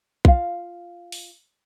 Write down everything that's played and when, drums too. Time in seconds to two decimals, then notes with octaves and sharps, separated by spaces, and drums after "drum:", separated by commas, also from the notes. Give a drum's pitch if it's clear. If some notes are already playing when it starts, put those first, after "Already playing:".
0.25 F4 F5, drum: kick
1.12 drum: open hi-hat